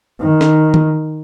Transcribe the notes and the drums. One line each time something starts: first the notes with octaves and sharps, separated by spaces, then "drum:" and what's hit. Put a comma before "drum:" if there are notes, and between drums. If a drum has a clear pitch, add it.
D#3
drum: snare
drum: tom D#3